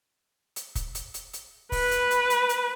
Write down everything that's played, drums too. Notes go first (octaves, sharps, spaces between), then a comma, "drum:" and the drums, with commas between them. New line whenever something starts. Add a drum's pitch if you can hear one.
drum: hi-hat
drum: kick, hi-hat
drum: hi-hat
drum: hi-hat
drum: hi-hat
B4, drum: kick, open hi-hat
drum: hi-hat
drum: hi-hat
drum: hi-hat
drum: hi-hat